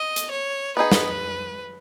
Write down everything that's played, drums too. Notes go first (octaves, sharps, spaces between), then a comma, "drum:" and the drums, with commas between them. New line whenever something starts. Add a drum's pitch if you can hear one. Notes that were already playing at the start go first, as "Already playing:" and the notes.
Already playing: D#5
drum: hi-hat
C#5
B3 D#4 G#4 B4
drum: snare